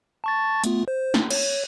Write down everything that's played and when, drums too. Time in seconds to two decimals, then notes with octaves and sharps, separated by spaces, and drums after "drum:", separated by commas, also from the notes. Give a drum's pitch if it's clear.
0.24 A5 C#6 A6
0.64 A3 B3 F4, drum: hi-hat
0.88 C5
1.14 drum: snare
1.31 C#5, drum: cymbal